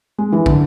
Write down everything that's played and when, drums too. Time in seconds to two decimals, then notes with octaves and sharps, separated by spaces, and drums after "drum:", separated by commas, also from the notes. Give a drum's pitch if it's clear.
0.18 G#3
0.32 E3
0.46 D3, drum: kick